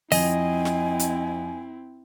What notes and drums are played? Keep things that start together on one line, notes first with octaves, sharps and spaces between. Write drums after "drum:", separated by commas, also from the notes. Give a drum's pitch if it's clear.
F2 C4 E4 D#5 G#5, drum: open hi-hat
drum: snare
drum: hi-hat